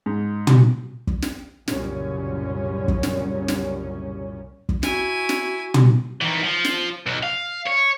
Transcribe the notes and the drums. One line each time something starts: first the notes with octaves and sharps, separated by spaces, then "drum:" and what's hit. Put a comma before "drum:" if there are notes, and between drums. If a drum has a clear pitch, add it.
G#2
drum: tom
drum: kick
drum: snare
C2 F#2 A#2 C#3 G3 C#4, drum: snare
drum: kick
drum: snare
drum: snare
drum: kick
E4 F#4 G#5, drum: snare
drum: snare
drum: tom
D#3 E3
F3
drum: snare
B1
F5
C#5